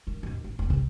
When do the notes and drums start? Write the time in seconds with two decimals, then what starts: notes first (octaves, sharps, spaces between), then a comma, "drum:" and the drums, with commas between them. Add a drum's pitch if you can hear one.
0.07 D#3 G3
0.23 A1 D#2
0.44 A1
0.59 E1 B3
0.70 C3, drum: kick